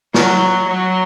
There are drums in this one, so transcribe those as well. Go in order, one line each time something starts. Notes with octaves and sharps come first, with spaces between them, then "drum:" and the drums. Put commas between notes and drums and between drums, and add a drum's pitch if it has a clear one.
F#3, drum: snare
F#3